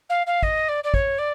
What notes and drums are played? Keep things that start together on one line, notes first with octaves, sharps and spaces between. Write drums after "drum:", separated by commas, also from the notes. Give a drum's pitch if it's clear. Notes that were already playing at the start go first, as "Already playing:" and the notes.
F5
F5
D#5, drum: kick
D5
D5
C#5, drum: kick
D5